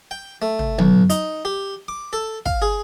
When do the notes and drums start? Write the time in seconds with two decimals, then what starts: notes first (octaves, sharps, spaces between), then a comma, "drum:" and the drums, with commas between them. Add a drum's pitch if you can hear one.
0.11 G5
0.42 A3
0.59 drum: tom
0.79 B1, drum: tom
1.10 D#4, drum: hi-hat
1.45 G4
1.88 D6
2.13 A4
2.46 F5, drum: kick
2.62 G#4